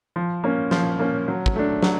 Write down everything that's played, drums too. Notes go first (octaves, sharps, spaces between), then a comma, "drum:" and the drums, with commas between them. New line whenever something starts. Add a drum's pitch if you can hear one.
F3
A#3 C#4
F3, drum: snare
A#3 C#4
F#3
drum: kick
A3 D4
F#3, drum: snare